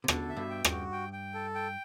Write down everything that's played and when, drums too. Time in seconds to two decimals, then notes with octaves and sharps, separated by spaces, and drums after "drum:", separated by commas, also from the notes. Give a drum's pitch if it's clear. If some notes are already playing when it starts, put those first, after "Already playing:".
0.04 C3
0.08 B2 D3 A4, drum: rim click
0.29 E5
0.36 G2 B2
0.50 G5
0.65 G2, drum: rim click
0.71 F#4
0.92 G5
1.13 G5
1.34 A4
1.55 G5